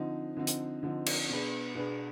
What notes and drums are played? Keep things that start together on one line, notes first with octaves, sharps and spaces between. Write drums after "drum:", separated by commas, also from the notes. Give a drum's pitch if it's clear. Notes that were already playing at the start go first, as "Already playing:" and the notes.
Already playing: D3 F3 C4 D#4
D3 F3 C4 D#4
drum: hi-hat
D3 F3 C4 D#4
drum: cymbal
B2 B3 D4 G#4 B4
B2 B3 D4 G#4 B4